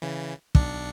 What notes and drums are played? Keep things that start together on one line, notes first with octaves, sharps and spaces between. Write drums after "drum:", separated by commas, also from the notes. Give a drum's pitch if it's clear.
C#3 E3
B1 D4 C#7, drum: kick